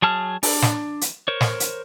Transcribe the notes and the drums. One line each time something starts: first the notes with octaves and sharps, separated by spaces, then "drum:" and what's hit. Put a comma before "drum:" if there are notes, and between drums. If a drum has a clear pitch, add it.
F#3 G#4 A5 F6
D4, drum: open hi-hat
drum: snare
drum: hi-hat
A#4 C5 C#5
drum: snare
drum: hi-hat